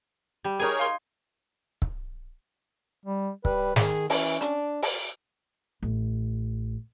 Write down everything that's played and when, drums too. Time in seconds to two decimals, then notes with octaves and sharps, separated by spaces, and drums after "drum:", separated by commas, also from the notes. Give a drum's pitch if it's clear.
0.44 G3
0.60 D#4 G#4 A#4 C#5 G#5
0.79 F5 C6
1.82 drum: kick C#1
3.05 G3
3.45 G3 B4, drum: kick C#1
3.76 D#3 G#4, drum: snare
4.10 E3 C#4, drum: open hi-hat
4.41 D4, drum: hi-hat
4.82 drum: open hi-hat
5.83 A1